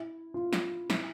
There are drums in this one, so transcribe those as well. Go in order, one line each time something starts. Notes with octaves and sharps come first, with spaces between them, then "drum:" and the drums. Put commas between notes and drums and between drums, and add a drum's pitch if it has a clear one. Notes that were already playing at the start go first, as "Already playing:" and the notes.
Already playing: E4
F4
drum: snare
E4, drum: snare